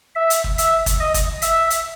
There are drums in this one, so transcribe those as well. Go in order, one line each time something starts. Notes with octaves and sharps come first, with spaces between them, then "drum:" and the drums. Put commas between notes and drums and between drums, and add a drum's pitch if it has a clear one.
E5
drum: hi-hat
drum: kick
E5, drum: hi-hat
drum: kick, hi-hat
D#5
drum: kick, hi-hat
E5, drum: hi-hat
drum: hi-hat